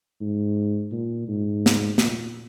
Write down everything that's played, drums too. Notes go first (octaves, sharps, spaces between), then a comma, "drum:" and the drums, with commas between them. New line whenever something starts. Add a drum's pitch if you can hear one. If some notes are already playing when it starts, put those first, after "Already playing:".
G#2
A#2
G#2
drum: snare
A#2, drum: snare